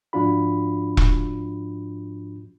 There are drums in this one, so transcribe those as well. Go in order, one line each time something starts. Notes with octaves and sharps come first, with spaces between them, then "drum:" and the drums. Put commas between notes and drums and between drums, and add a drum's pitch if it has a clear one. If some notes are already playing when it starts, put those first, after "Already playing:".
G#2 F3 D4 F4 F#4 B5
drum: kick E1